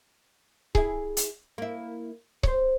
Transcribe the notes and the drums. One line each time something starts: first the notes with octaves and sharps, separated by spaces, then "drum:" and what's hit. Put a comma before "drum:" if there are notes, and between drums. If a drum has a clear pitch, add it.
E4 G#4, drum: kick C#1
drum: hi-hat
A#3 E4
C5 C#5, drum: kick C#1